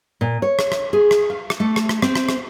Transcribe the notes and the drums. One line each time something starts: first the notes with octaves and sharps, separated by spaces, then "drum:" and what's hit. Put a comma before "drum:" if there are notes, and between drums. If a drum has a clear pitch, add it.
A#2
C#5
drum: rim click
drum: rim click
G#4
drum: rim click
F5
drum: rim click
A3
drum: rim click
drum: rim click
C4, drum: rim click
drum: rim click
drum: rim click